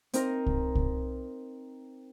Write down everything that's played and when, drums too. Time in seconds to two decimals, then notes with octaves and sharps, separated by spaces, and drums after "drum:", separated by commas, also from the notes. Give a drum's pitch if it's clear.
0.13 C4 D#4 A#4 D#5, drum: hi-hat
0.46 drum: kick C2
0.75 drum: kick C2